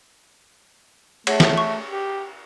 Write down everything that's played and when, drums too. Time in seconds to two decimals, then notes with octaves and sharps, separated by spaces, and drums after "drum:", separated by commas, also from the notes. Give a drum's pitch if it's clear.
1.27 A3 G#4 C#5 F#5, drum: cymbal
1.40 drum: snare
1.57 C#6
1.88 G4